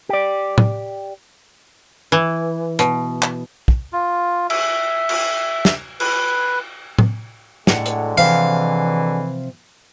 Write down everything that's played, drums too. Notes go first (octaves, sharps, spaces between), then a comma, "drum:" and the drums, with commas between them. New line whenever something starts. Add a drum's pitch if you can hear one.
G4 D5
drum: tom A2
E3
B2, drum: hi-hat
drum: clap
drum: kick
F4
E5, drum: cymbal
drum: cymbal
drum: snare
B4, drum: cymbal
drum: tom A2
A2 D3 F#3 G#3 F#5, drum: snare
drum: hi-hat
C3 E3 F3 F5